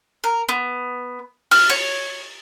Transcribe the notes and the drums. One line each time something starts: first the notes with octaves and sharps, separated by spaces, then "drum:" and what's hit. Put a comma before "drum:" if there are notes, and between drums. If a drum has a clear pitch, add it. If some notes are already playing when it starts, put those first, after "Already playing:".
A#4
B3
F6, drum: open hi-hat
C#5